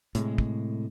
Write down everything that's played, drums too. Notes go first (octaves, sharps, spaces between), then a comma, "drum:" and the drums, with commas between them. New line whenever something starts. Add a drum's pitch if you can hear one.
A2 C3 G#3, drum: hi-hat
drum: kick